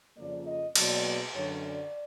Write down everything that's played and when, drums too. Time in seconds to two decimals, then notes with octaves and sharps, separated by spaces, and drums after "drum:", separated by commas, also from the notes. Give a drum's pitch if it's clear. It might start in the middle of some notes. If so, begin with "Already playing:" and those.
0.17 F2 C#3 F3 A#3 D5
0.46 D#5
0.76 B2 F#3 A#3 D5, drum: cymbal
1.33 F#2 D3 F#3 C#5
1.63 D5